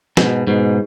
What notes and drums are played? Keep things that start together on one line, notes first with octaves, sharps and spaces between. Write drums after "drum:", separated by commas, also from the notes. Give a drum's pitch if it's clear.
G#2 B2, drum: snare
G#2 B2